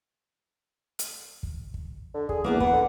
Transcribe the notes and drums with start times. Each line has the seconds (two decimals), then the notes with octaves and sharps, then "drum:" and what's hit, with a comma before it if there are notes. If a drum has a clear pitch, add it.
0.99 drum: hi-hat
1.43 drum: kick
1.74 drum: kick
2.14 D3
2.29 G#4, drum: kick
2.44 E2 A#3 B3 D4
2.60 B4 F#5, drum: kick
2.73 D3